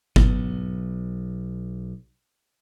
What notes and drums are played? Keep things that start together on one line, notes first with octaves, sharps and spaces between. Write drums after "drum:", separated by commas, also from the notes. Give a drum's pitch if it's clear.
B1 B3, drum: kick G1